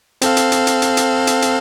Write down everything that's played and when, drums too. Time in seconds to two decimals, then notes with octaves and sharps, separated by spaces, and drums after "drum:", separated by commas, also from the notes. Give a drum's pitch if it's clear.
0.22 C4 A4 F5, drum: hi-hat
0.37 drum: hi-hat
0.52 drum: hi-hat
0.67 drum: hi-hat
0.82 drum: hi-hat
0.97 drum: hi-hat
1.27 drum: hi-hat
1.42 drum: hi-hat